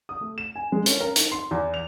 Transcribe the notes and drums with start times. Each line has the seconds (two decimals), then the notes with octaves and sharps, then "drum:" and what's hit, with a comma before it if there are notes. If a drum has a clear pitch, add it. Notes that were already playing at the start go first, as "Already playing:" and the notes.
0.09 D#6
0.21 A3
0.38 E7
0.56 G#5
0.72 G#3
0.86 C#4, drum: hi-hat
1.00 A#4
1.16 D#4, drum: hi-hat
1.32 C6
1.51 E2
1.74 F7